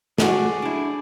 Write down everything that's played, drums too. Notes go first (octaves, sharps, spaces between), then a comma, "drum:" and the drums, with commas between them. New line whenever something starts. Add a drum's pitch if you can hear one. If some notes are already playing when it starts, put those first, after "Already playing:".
A3 F#4 G#4 D5, drum: snare
D4 E4